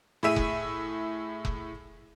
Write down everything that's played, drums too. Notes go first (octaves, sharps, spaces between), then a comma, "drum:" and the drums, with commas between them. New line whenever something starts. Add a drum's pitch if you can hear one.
A2 G#4 E5 D#7
drum: kick F1
drum: kick F1